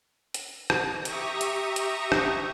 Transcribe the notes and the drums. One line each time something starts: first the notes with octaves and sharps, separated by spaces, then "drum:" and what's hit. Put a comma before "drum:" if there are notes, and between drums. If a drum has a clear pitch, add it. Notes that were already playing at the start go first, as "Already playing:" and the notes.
drum: hi-hat
drum: rim click
G4 E5 A#5 C#6 D#6, drum: hi-hat
drum: hi-hat
drum: hi-hat
drum: rim click